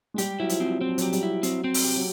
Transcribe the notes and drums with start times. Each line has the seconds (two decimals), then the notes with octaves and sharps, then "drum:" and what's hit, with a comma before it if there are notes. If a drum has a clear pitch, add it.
0.14 G#3
0.18 G3 G4, drum: hi-hat
0.39 F#3 E4
0.49 F3, drum: hi-hat
0.60 C4
0.81 F#3 C4
0.89 F3
0.98 F#3 G4, drum: hi-hat
1.13 G3, drum: hi-hat
1.23 E4
1.43 F#3 C4, drum: hi-hat
1.64 C4
1.74 drum: open hi-hat
1.84 G4
1.96 F#3